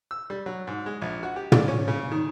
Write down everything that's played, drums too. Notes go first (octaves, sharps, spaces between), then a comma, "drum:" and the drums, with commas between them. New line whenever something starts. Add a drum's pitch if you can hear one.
E6
G3
F#3
G#2
G#3
A#1
F#4
G4
D5, drum: tom
C#4
C#3
D#3